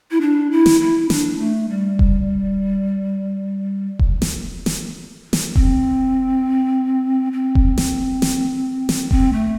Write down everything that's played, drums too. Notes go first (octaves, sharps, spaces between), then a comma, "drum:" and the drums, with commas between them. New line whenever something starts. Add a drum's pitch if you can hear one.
E4
D4
E4
drum: snare
E4
D4, drum: snare
A3
G3
drum: kick E1
drum: kick E1
drum: snare
drum: snare
drum: snare
C4, drum: kick E1
C4
drum: kick E1
drum: snare
drum: snare
drum: snare
C4, drum: kick E1
A3